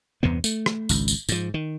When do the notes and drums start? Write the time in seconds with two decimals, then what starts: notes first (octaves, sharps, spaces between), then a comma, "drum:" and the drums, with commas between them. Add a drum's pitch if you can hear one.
0.23 E2 G2 C3 B3
0.44 A3, drum: tambourine
0.66 drum: rim click
0.89 G#1 C#2, drum: tambourine
1.08 drum: tambourine
1.29 G#2 F3, drum: tambourine
1.54 D#3